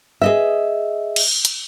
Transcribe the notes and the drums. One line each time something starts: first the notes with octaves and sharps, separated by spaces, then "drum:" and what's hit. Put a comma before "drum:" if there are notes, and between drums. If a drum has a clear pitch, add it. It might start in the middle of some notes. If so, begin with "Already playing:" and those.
G#4 D#5 E5
drum: cymbal
drum: hi-hat